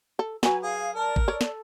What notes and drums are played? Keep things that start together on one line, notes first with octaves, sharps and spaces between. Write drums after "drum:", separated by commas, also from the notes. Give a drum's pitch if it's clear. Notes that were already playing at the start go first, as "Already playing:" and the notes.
A4
F#3 B4 G#5, drum: snare
G#4 F5
A#4 D5 A5
drum: kick G#1
A4 C#5 D5
drum: snare